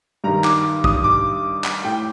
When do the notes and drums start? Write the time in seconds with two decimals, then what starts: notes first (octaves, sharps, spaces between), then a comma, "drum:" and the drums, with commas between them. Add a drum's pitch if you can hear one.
0.24 G2 D#3 A#5
0.44 D6, drum: clap
0.84 D#6, drum: kick
1.04 D6
1.64 drum: clap
1.84 A2 G5